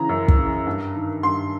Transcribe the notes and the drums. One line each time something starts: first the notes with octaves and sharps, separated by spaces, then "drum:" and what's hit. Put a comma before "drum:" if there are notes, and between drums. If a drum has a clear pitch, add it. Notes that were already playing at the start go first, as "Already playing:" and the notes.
Already playing: C#3 E3 A#5
F#2
drum: kick
C#3 E3
G2
D#3
G2 C6